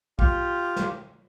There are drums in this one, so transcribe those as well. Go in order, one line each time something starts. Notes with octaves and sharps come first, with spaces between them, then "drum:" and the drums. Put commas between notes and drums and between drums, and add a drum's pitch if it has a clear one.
F4 G4 F5, drum: kick
drum: snare